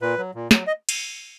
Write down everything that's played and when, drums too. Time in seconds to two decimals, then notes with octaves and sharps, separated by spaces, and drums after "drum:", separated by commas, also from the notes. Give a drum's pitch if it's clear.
0.02 A#2 B4
0.18 F#3
0.35 A#2
0.51 F#3, drum: snare
0.67 D#5
0.89 drum: cymbal